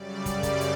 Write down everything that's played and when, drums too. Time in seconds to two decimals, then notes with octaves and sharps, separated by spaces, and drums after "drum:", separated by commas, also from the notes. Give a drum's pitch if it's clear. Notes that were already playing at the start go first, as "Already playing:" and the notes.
Already playing: F#2 C#3 G3 D5
0.26 drum: kick, hi-hat
0.43 drum: kick, hi-hat
0.60 drum: hi-hat